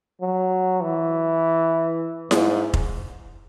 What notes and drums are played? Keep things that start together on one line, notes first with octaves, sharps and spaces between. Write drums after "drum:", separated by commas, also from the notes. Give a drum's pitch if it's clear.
F#3
E3
G#2, drum: snare E4
drum: kick F1